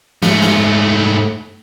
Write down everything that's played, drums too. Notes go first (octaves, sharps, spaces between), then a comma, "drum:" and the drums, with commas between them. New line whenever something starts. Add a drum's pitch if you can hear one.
G#2 A3, drum: snare
drum: snare